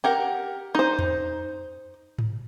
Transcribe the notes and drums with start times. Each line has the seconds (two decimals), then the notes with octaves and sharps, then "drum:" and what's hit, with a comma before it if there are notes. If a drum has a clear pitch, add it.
0.04 G4 A#4 F#5
0.75 D#4 C5
0.99 drum: tom E2
2.18 drum: tom G#2